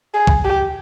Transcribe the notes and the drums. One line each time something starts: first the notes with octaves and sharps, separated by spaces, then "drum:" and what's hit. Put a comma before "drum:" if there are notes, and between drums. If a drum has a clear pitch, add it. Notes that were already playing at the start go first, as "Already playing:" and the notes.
G#4
drum: kick B1
G4